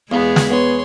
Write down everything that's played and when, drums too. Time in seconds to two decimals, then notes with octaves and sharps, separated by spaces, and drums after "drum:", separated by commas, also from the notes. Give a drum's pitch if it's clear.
0.12 E2 G#3 B3 G#4 F5
0.36 drum: snare
0.50 B3 C#5 C6